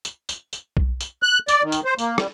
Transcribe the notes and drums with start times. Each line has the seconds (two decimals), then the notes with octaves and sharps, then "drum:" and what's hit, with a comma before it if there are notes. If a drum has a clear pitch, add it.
0.05 drum: tambourine
0.29 drum: tambourine
0.53 drum: tambourine
0.77 drum: kick B1
1.01 drum: tambourine
1.23 F#6
1.48 D5, drum: tambourine
1.63 D#3
1.72 drum: tambourine
1.85 C5
1.98 A#3, drum: tambourine
2.18 G3, drum: rim click